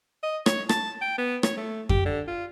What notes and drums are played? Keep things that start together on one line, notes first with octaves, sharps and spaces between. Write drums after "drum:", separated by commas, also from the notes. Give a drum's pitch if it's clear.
D#5
C#5, drum: rim click
A5, drum: rim click
G5
B3
C#5, drum: rim click
A3
G4, drum: kick F2
D3
F4